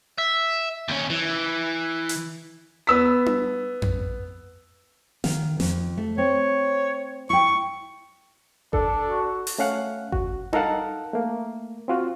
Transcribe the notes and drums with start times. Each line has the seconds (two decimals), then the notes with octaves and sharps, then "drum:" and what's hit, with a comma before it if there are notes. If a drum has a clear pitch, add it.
0.18 E5
0.88 D#2 C#4
1.10 E3
2.09 drum: hi-hat
2.87 B3 E6 B6
3.26 drum: tom D4
3.82 drum: tom F2
5.24 D#3 F5, drum: snare
5.60 F2, drum: snare
5.97 A3
6.18 C4 C#5
7.30 E4 G5 C#6
8.73 D4 A4, drum: kick G1
9.07 F#4
9.47 drum: open hi-hat
9.58 A3 C#4 F5 F#5
10.12 F#4, drum: kick G1
10.53 D#4 A4 A#4 F5 F#5 A5, drum: tom D4
11.13 A3 A#3
11.88 C4 F4 F#4